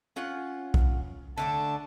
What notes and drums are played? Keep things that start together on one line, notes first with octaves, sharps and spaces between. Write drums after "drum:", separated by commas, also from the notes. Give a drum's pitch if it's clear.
C#4 F4 F#5
drum: kick B1
D3 A3 D4 A5